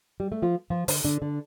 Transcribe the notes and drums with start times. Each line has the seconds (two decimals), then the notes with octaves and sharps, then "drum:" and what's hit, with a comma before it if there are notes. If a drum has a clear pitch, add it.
0.20 G3
0.32 A3
0.42 F3 F4
0.70 F3 F4
0.88 D3 D4, drum: open hi-hat
1.05 D3 D4
1.22 D3 D4